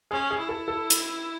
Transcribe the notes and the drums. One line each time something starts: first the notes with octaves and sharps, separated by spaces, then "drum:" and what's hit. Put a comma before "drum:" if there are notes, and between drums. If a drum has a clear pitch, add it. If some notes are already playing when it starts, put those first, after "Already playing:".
C#4 G#4
G#4
E4
A4
A4
drum: hi-hat